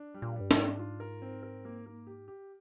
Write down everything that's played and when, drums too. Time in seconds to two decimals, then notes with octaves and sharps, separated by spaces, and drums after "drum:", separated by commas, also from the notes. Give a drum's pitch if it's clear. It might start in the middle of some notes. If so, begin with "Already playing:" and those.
Already playing: D4
0.14 G3
0.22 A#2
0.36 G2 G3
0.51 G#2, drum: snare
0.58 D4
0.79 F4
1.00 A#4
1.22 C4
1.43 A#4
1.65 A#3
1.86 A#3
2.07 G4
2.28 G4